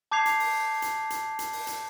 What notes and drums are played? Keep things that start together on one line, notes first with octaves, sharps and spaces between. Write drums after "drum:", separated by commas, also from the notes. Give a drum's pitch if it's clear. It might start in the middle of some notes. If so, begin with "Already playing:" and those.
A5 D6 G6 G#6 C7 F7
drum: hi-hat
drum: open hi-hat
drum: hi-hat
drum: hi-hat
drum: hi-hat
drum: open hi-hat
drum: hi-hat